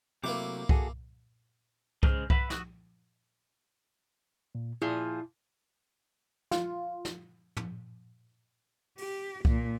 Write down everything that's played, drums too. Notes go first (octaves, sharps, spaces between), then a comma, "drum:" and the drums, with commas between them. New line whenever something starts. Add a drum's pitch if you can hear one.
C3 F#3 A3 A#3 E4 D6
F#4 G#4 A4, drum: kick C2
C#3 G#3 G#4 C5 F6, drum: kick C2
B4 E5 F#5, drum: kick C2
F#4 D#6 E6 F#6, drum: snare
A#2
A#2 F3 E4 G#4
F4, drum: snare
drum: snare
drum: tom
G4, drum: open hi-hat
A#2, drum: kick C2